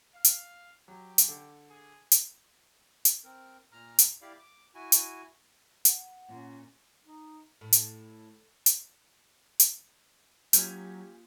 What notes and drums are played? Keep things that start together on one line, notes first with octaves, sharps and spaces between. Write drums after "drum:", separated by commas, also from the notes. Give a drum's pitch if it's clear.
F5
drum: hi-hat
F#3 G4
drum: hi-hat
D3
G#4
drum: hi-hat
drum: hi-hat
C4 A#4
A#2 A#5 F6
drum: hi-hat
E4 G4 D5 F5
D6
E4 F#4 G#5
drum: hi-hat
F#5, drum: hi-hat
A#2 C#4
D#4
A2
drum: hi-hat
drum: hi-hat
drum: hi-hat
F#3 A#3 C#4 F4 G4 G#5 G6, drum: hi-hat